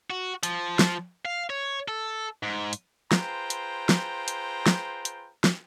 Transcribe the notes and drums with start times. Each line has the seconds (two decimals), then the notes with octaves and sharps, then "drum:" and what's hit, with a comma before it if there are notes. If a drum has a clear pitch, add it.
0.10 F#4
0.43 F3, drum: hi-hat
0.79 drum: snare
1.25 F5
1.50 C#5
1.88 A4
2.43 G#2
2.73 drum: hi-hat
3.12 F4 G#4 B4 C5 G5 A#5, drum: snare
3.50 drum: hi-hat
3.89 drum: snare
4.28 drum: hi-hat
4.66 drum: snare
5.05 drum: hi-hat
5.44 drum: snare